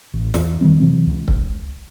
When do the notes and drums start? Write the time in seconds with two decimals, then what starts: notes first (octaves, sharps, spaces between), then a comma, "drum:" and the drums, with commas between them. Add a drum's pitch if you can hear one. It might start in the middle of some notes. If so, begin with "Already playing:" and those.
0.14 A1
0.34 E2, drum: snare
0.61 D#3 F#3 G3 C4
0.80 C3 E3 F#3 C4
1.07 C#2
1.28 drum: kick C#1